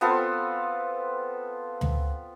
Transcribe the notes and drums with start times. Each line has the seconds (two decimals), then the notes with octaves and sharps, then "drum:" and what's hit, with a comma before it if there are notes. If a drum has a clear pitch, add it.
0.01 B3 C4 F4 A4
1.81 drum: tom D2